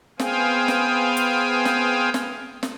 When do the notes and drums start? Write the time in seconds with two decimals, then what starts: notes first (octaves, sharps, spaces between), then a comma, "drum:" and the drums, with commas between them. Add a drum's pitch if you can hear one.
0.19 B3 G#4 C5 F5 G5 G#5, drum: snare
0.68 drum: snare
1.17 drum: hi-hat
1.65 drum: snare
2.14 drum: snare
2.63 drum: snare